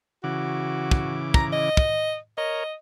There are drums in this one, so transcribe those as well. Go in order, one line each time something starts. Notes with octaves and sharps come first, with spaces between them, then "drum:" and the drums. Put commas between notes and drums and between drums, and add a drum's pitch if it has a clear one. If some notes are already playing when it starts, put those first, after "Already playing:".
C#3 E3 F#4 D6
drum: kick
A#5, drum: kick
D#5
drum: kick
A#4 C#5 D#5